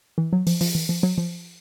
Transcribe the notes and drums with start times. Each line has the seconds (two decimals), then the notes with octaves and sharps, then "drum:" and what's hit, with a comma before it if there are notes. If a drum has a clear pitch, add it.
0.18 E3
0.33 F#3
0.47 F3, drum: open hi-hat
0.61 F3, drum: open hi-hat
0.75 E3
0.89 F3
1.03 F#3
1.18 F3